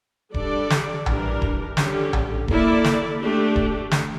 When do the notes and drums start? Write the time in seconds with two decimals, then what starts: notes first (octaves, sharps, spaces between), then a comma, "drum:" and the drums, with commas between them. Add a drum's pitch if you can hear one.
0.34 G3 D4 A4 D5, drum: kick D#1
0.70 drum: snare
1.06 E3 G3 D4 G4 A#4, drum: tom A#1
1.42 drum: kick D#1
1.77 D3 G3 C#4 G4, drum: snare
2.13 drum: tom A#1
2.48 A#3 E4 A4 D5, drum: kick D#1
2.84 drum: snare
3.20 A3 D4 G4
3.56 drum: kick D#1
3.91 drum: snare